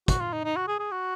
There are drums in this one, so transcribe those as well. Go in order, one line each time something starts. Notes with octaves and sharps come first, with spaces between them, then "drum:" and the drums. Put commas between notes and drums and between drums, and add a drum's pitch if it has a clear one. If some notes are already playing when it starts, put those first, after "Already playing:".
F#4, drum: kick, hi-hat
F4
D#4
D#4
F#4
G#4
G#4
F#4